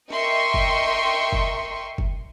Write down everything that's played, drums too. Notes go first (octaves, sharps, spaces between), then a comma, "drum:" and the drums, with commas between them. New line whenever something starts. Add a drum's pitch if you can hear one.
A#4 D#5 E5 G5 C6 C#6, drum: snare
drum: kick F#1
drum: kick F#1
drum: kick F#1